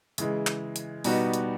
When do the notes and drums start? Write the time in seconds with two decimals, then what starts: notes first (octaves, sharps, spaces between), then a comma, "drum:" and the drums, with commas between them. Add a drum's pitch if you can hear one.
0.18 C#3 E3 G#3, drum: hi-hat
0.47 drum: clap
0.76 drum: hi-hat
1.04 B2 G3 B3 D#4 F#4, drum: open hi-hat
1.33 drum: hi-hat